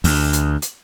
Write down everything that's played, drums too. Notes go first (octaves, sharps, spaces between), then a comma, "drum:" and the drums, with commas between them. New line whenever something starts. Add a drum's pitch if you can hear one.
D2, drum: open hi-hat
drum: hi-hat
drum: hi-hat